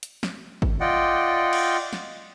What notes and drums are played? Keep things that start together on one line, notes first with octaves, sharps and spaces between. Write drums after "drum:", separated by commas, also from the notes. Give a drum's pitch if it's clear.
drum: hi-hat
drum: snare
drum: kick G#1
F4 D5 D#5 F#5 G5
drum: cymbal
drum: snare